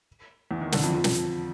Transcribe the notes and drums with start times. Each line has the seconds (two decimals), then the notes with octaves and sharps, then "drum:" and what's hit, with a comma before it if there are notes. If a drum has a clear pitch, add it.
0.51 E2 E3
0.61 D#3
0.72 D3, drum: snare
0.83 F2 F3
0.94 F2 F3
1.04 drum: snare